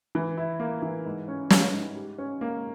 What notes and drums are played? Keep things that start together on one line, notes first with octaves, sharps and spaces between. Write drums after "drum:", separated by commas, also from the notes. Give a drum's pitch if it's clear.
E3
E4
A#3
E3
G#2
C#4
G3, drum: snare
G#2
G4
C#4
A#3